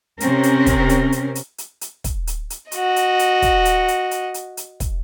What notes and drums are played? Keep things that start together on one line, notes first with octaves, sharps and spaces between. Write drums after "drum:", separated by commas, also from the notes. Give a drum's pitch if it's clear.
C3 C4 C#4 A#4, drum: hi-hat
drum: hi-hat
drum: kick, hi-hat
drum: hi-hat
drum: hi-hat
drum: hi-hat
drum: hi-hat
drum: hi-hat
drum: kick, hi-hat
drum: hi-hat
drum: hi-hat
F#4 D#5, drum: hi-hat
drum: hi-hat
drum: hi-hat
drum: kick, hi-hat
drum: hi-hat
drum: hi-hat
drum: hi-hat
drum: hi-hat
drum: hi-hat
drum: kick, hi-hat